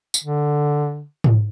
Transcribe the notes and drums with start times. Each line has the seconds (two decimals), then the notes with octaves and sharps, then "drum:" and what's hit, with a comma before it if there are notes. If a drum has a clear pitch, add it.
0.14 drum: tambourine
0.24 D3
1.24 drum: tom G#2